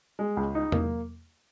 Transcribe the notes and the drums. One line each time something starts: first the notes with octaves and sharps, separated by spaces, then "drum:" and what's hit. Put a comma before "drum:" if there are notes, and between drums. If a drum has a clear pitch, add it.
G#3
C#2
D#4
A#3, drum: tom E2